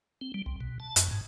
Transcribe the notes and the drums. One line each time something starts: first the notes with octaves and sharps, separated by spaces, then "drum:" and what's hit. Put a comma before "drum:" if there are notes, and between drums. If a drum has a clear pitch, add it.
C4
G3
C2
B2
A5
F#2, drum: hi-hat
G#2